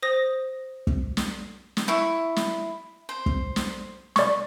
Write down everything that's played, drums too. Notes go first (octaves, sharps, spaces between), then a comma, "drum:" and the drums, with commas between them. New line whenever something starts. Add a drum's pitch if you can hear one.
C5 D#6 A#6
drum: kick
drum: snare
drum: snare
E4 C#6
drum: snare
C5
drum: kick
drum: snare
D5 C#6, drum: snare